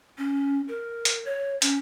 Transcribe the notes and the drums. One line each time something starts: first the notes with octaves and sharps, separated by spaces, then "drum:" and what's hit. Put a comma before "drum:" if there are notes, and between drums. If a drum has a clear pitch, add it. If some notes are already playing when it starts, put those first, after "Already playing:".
C#4
A#4
drum: hi-hat
C#5
C#4, drum: hi-hat